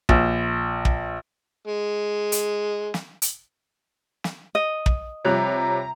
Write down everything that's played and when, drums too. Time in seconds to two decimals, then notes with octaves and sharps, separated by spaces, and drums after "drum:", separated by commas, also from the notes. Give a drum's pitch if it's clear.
0.09 A#1, drum: kick
0.85 drum: kick
1.67 G#3
2.32 drum: hi-hat
2.94 drum: snare
3.22 drum: hi-hat
4.24 drum: snare
4.55 D#5
4.86 drum: kick
5.25 C3 F3 G3 C#5 A#5 F#6